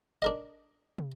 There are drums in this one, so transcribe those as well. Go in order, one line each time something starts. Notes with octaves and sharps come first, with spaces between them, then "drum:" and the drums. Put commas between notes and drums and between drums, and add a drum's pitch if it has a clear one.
D4 A#4 D#5
drum: tom